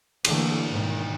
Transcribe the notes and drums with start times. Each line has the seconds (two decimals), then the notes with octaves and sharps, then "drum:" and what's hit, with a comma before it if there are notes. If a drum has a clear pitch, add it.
0.25 D3 E3 A3 A#3, drum: cymbal
0.69 G#2 B2 D#3